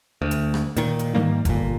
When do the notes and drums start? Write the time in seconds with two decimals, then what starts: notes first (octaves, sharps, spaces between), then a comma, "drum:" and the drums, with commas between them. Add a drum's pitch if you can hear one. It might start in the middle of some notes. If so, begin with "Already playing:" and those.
0.22 D2
0.31 drum: hi-hat
0.54 drum: rim click
0.76 A#2 D#3, drum: hi-hat
0.99 drum: hi-hat
1.15 G#2 D#3 G3 A#3
1.45 G1 A#2, drum: kick, hi-hat